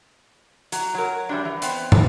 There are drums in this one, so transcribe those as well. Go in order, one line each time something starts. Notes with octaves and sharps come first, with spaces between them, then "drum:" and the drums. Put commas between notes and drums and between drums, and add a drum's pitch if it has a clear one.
F#3, drum: hi-hat
F#3 A#4
E3 G3 D4
E3
B3 C4, drum: hi-hat
drum: tom